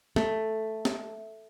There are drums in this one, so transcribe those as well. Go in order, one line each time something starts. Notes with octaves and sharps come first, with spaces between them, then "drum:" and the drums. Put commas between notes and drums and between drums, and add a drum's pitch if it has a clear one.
A3, drum: snare
drum: snare